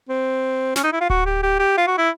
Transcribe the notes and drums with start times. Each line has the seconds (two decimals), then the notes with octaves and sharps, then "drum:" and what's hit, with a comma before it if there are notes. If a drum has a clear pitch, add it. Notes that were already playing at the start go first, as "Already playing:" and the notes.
0.09 C4
0.76 C#4, drum: snare
0.84 D#4
0.92 E4
1.01 F4
1.10 F#4, drum: kick D1
1.26 G4
1.43 G4
1.59 G4
1.77 F4
1.87 F#4
1.98 E4